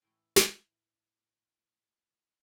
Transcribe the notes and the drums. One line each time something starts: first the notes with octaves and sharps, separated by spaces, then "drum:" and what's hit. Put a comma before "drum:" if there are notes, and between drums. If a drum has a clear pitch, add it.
A2 E3 A3
drum: snare